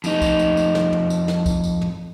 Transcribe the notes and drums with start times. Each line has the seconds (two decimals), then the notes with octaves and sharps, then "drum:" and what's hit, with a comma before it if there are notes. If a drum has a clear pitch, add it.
0.04 F2 D#4, drum: tambourine
0.22 drum: kick, tambourine
0.39 drum: tambourine
0.57 drum: tambourine
0.75 drum: snare
0.93 drum: tom
1.10 drum: tambourine
1.28 drum: snare
1.46 drum: kick, tambourine
1.64 drum: tambourine
1.81 drum: tom